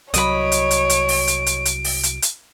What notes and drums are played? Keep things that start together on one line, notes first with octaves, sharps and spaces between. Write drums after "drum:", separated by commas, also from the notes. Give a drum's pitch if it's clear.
C2 F#3 C#5 D#5 B5 D7, drum: hi-hat
drum: hi-hat
drum: hi-hat
drum: hi-hat
drum: open hi-hat
drum: hi-hat
drum: hi-hat
drum: hi-hat
drum: open hi-hat
drum: hi-hat
drum: hi-hat